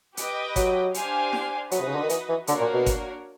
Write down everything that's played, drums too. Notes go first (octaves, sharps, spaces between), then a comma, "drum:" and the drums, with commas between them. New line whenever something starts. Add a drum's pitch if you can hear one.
G4 B4 D#5 G5, drum: hi-hat
F#3, drum: kick G1, hi-hat
D4 G4 C5 F5 G#5, drum: hi-hat
drum: snare E4
F#3 D#4 F#4 B4 D#5, drum: hi-hat
C3
C#3
D3
D#3
E3, drum: hi-hat
E3
D3 A#3 D4 F#4 A#4 C#5, drum: hi-hat
A#2
B2
drum: kick G1, hi-hat